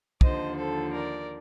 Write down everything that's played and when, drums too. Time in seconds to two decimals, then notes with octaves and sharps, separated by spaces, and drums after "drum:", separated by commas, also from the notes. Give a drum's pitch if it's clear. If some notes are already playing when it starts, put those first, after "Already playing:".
0.21 D#2 D3 F3 C5 D#5, drum: kick
0.57 A4 C5
0.92 A#4 D5